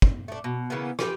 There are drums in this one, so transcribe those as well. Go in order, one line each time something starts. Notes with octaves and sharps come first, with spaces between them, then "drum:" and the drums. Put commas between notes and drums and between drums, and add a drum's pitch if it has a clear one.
drum: kick
A3 D4
B2
C#3 E3 A#3 B3
F4 G4 B4 G5, drum: rim click